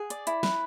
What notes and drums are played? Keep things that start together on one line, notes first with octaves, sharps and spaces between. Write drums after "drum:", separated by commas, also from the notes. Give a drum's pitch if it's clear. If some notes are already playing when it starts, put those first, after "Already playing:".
Already playing: G#4 F#5
D5, drum: hi-hat
E4, drum: hi-hat
B4, drum: snare